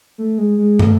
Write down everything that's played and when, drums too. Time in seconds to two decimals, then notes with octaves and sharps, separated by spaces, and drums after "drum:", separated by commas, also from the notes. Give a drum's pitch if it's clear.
0.18 A3
0.38 G#3
0.58 G#3
0.79 A3, drum: tom